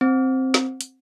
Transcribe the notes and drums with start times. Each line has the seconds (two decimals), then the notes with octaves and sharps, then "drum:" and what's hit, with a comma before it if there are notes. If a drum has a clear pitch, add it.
0.01 C4
0.54 drum: snare
0.81 drum: hi-hat